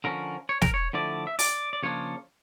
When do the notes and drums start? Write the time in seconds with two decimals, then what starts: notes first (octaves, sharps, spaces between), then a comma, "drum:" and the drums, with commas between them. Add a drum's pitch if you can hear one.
0.04 D3 F3 C#4 A#4
0.49 C#5
0.62 A#4, drum: snare
0.74 C#5
0.93 D3 F3 A3 E4 D5
1.27 E5
1.39 D5, drum: open hi-hat
1.73 D5
1.83 C#3 F3 A#3 D4 F4 C#5